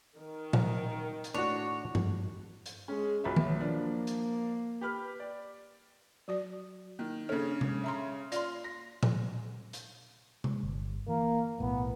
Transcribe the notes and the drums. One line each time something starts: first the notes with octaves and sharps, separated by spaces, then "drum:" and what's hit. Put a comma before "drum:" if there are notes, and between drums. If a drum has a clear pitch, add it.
D#3
drum: tom A#2
drum: hi-hat
A2 D4 F#4 C#5
drum: tom G2
drum: hi-hat
G#3 C#4
B1 F#3 B4 E5
drum: tom
F3 A#3 D4
drum: hi-hat
G4 B4 F6
D5
F#3 F#4 D5
D#3
C#3 C#4 D4 A4
drum: tom C3
E5 A#5 C6
F4 D5 C6, drum: hi-hat
A#6
drum: tom A#2
drum: hi-hat
drum: tom C3
G1
E3 A#3
B1 A2 B3